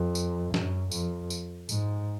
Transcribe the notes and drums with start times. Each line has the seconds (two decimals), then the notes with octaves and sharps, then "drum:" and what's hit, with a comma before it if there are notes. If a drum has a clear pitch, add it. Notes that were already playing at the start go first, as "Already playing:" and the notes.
Already playing: F2
0.15 drum: tambourine
0.54 F#2, drum: snare
0.91 F2, drum: tambourine
1.30 drum: tambourine
1.69 G#2, drum: tambourine